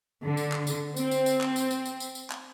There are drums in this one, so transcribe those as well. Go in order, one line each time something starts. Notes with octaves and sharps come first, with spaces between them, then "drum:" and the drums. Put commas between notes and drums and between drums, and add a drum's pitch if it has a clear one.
D3
drum: tambourine
drum: clap
drum: tambourine
C4, drum: tambourine
drum: tambourine
drum: tambourine
drum: clap
drum: tambourine
drum: tambourine
drum: tambourine
drum: tambourine
drum: tambourine
drum: clap